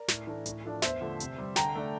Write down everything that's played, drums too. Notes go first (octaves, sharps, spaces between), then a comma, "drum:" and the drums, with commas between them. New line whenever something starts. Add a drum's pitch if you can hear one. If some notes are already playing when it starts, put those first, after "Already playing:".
Already playing: A#4 D5
A2, drum: snare
E3 A3 D4
A2, drum: hi-hat
F3 A3 D4
E2 C5 E5, drum: snare
D3 F3 A3
C3, drum: hi-hat
G3 C4
D3 G5 A#5, drum: snare
A3 D4